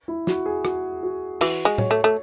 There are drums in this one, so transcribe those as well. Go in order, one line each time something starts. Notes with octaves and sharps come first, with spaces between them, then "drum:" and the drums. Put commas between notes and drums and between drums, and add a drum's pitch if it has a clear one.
E4
F#4, drum: snare
G#4
F#4, drum: rim click
F#4
E3 F#4, drum: cymbal
G#3
C#5, drum: tom A2
A3
A3